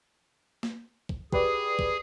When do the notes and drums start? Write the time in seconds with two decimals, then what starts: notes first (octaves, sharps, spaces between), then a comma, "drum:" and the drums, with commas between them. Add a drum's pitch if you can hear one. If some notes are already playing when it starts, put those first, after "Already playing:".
0.63 drum: snare
1.09 drum: kick
1.33 G4 G#4 B4 D5, drum: kick
1.79 drum: kick